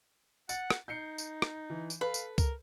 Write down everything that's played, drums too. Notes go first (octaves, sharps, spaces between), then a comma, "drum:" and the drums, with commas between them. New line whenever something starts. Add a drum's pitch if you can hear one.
F#5 A6, drum: tambourine
drum: rim click
D#4 G6 C7 C#7
drum: tambourine
drum: rim click
E3
drum: tambourine
A4 B4 F5
drum: tambourine
A#4, drum: kick C#2, tambourine